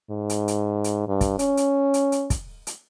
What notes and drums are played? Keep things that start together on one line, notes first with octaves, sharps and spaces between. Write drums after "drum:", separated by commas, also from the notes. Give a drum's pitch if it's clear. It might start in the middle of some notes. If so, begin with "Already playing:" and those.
G#2
drum: hi-hat
drum: hi-hat
drum: hi-hat
G2
drum: kick, hi-hat
C#4, drum: hi-hat
drum: hi-hat
drum: hi-hat
drum: hi-hat
drum: kick, hi-hat
drum: hi-hat